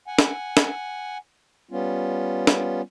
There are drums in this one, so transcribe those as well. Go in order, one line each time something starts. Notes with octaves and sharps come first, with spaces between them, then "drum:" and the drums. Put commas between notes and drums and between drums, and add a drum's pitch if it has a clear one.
F#5 G#5
drum: snare
drum: snare
G3 B3 C#4 F4
drum: snare